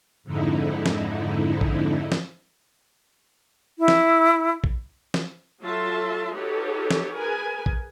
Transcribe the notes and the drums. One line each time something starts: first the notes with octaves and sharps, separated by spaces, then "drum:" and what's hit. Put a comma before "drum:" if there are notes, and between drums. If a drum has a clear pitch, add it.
F2 G#2 D3 D#4 E4
drum: snare
drum: kick A#1
drum: snare
E4
drum: snare
drum: kick A#1
drum: snare
F#3 F4 A4 E5 A5 C6
D#4 F#4 G4 A4 B4 C#5
drum: snare
G#4 A#4 B4 G#5
drum: kick A#1